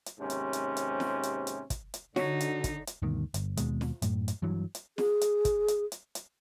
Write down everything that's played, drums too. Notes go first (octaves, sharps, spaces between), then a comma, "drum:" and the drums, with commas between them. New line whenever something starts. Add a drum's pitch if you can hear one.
drum: hi-hat
D#2 G#2 C3 C#4
drum: hi-hat
drum: hi-hat
drum: hi-hat
drum: snare
drum: hi-hat
drum: hi-hat
drum: kick, hi-hat
drum: hi-hat
D3 D#4 F#4 C#5, drum: snare
drum: hi-hat
drum: kick, hi-hat
drum: hi-hat
D2 G2 B2 D#3
G1, drum: hi-hat
D#2 B2 G#3, drum: hi-hat
drum: snare
F#2 A2, drum: hi-hat
drum: hi-hat
G2 E3 F#3
drum: hi-hat
G#4, drum: snare
drum: hi-hat
drum: kick, hi-hat
drum: hi-hat
drum: hi-hat
drum: hi-hat